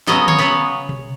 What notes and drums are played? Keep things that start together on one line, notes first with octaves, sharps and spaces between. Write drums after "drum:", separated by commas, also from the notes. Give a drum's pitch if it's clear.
C#3 F#3 B3 D#5, drum: snare
C#5, drum: tom D3
C#3 F#3 B3 B4
drum: tom B2